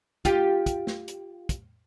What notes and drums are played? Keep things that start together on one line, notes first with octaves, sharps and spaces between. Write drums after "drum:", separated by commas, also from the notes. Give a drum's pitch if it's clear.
F4 G4, drum: kick, hi-hat
drum: kick, hi-hat
drum: snare
drum: hi-hat
drum: kick, hi-hat